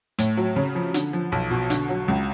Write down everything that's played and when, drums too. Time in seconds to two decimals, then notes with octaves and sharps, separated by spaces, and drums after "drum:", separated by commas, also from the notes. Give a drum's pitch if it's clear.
0.19 A2, drum: hi-hat
0.37 F#3
0.56 C#3
0.75 F3
0.94 D3, drum: hi-hat
1.13 F3
1.32 B1
1.51 B2
1.70 D3, drum: hi-hat
1.89 F#3
2.08 C#2